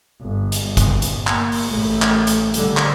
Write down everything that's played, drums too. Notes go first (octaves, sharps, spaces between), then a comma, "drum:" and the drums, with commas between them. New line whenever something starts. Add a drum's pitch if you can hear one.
G1
drum: hi-hat
G1
drum: kick, hi-hat
drum: hi-hat
A#3, drum: clap
drum: open hi-hat
A1 A3
drum: clap
drum: hi-hat
D3 G3, drum: hi-hat
drum: clap